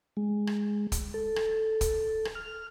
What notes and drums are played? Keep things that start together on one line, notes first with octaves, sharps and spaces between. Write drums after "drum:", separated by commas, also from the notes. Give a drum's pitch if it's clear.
G#3
drum: rim click
drum: kick, hi-hat
A4
drum: rim click
drum: kick, hi-hat
drum: rim click
F6